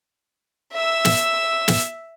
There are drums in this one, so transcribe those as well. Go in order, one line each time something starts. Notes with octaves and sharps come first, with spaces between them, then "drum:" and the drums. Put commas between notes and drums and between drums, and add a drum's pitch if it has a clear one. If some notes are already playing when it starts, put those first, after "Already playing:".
E5 E6
drum: snare
drum: snare